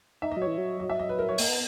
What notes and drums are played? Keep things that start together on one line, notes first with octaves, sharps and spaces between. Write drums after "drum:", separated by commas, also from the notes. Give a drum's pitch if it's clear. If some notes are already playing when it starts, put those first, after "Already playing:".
D#4 E5
D#5
F#3 C#5
E3
F#3
F#3 D#5
E5
D#5
B4
A#4
C#5
A#3 D#5, drum: open hi-hat
B3